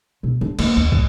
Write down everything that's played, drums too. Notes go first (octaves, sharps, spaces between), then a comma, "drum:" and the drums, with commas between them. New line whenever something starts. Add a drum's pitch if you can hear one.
B2
D3
A#3, drum: cymbal
D#2
G#1, drum: kick